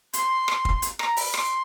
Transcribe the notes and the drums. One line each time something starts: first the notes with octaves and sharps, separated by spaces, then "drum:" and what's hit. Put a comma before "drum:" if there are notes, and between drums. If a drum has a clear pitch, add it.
C6, drum: hi-hat
drum: rim click
drum: kick
drum: hi-hat
A#5, drum: rim click
B5, drum: open hi-hat
C6, drum: rim click